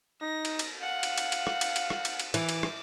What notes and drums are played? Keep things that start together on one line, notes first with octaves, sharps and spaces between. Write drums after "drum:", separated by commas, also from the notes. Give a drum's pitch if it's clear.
D#4 A#6
drum: cymbal
drum: cymbal
F5 F#5
drum: cymbal
drum: cymbal
drum: cymbal
drum: rim click
drum: cymbal
drum: cymbal
drum: rim click
drum: cymbal
drum: cymbal
E3 D6, drum: cymbal
drum: cymbal
drum: rim click